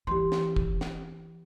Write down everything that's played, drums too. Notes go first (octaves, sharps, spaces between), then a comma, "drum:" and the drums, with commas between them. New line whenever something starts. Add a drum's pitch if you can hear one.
E3 G4 C6
drum: snare
drum: kick
drum: snare